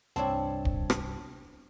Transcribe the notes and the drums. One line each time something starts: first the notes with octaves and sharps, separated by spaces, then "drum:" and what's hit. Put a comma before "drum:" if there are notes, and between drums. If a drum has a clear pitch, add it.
C2 G2 C4 D4 E4 C#5 A5
drum: kick
drum: rim click